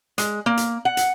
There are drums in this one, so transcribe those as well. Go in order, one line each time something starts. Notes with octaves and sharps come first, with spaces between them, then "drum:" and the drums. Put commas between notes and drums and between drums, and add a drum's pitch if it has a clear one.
G#3, drum: hi-hat
A#3
drum: hi-hat
F#5
drum: hi-hat